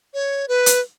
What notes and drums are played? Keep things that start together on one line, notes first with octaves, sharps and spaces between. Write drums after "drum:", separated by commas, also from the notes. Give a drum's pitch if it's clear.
C#5
B4
drum: hi-hat